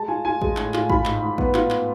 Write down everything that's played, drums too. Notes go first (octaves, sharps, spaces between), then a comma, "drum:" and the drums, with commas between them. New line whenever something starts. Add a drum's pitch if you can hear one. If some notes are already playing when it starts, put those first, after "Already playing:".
Already playing: G#3 A5
F4 G#5
F4 G#5
G#3, drum: kick G#1
A2, drum: clap
F4, drum: clap
F4 B5, drum: kick G#1
G#2, drum: clap
G#2
B3, drum: kick G#1
F4, drum: clap
drum: clap